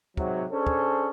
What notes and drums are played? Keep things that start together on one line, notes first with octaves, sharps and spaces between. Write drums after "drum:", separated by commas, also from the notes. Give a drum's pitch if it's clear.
G#2 C3 F#3, drum: kick
C#4 D4 G#4 A4 C5
drum: kick